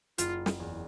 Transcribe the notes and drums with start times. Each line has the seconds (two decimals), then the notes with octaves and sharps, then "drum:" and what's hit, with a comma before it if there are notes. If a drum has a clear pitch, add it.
0.18 F#1 F4, drum: hi-hat
0.46 drum: snare
0.60 E2